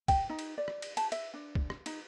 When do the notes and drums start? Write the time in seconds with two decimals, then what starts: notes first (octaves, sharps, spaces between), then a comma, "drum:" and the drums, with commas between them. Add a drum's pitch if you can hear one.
0.08 G5, drum: kick, cymbal
0.30 D#4
0.39 drum: cymbal
0.58 D5
0.68 drum: rim click
0.82 drum: cymbal
0.97 A5, drum: cymbal
1.12 E5, drum: cymbal
1.34 D4
1.55 drum: kick
1.70 drum: rim click
1.86 D#4, drum: cymbal